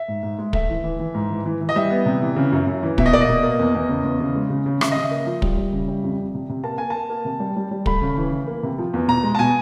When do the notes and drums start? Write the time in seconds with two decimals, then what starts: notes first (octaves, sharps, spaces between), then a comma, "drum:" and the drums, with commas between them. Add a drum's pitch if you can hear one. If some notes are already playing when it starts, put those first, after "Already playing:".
Already playing: E5
0.08 G#2
0.23 G#2
0.39 G#3
0.53 A3 E5, drum: kick
0.69 E3
0.84 E3
0.99 E3
1.14 G#2
1.30 E3
1.46 E3
1.61 E3
1.69 D#5
1.76 G3 E5
1.90 B3
2.06 C3
2.21 E3
2.36 C#3
2.52 F#2
2.67 F#2
2.83 E3
2.98 B2 E5, drum: kick
3.06 D#5
3.13 A#3 D5
3.21 D#5
3.29 B2
3.43 A#3
3.59 E2
3.75 E2
3.89 C#3
4.05 E2
4.20 C#3
4.35 G#3
4.50 C#3
4.66 C#3
4.81 C#3 E5, drum: rim click
4.92 C#3 D#5
5.03 E5
5.11 A#3
5.26 F3
5.42 G3, drum: kick
5.57 G3
5.73 C#3
5.88 G3
6.04 F2
6.18 F2
6.34 C3
6.49 C3
6.64 A#3 A5
6.78 A#3 G#5
6.90 A#3 A5
7.10 A#3
7.25 C3
7.40 G3
7.56 G3
7.71 G3
7.86 A3 B5, drum: kick
8.01 C#3
8.17 E3
8.32 E3
8.48 A#3
8.63 C3
8.78 F3
8.94 E2
9.08 B2 A#5
9.23 G#3
9.35 A5
9.39 B2 G#5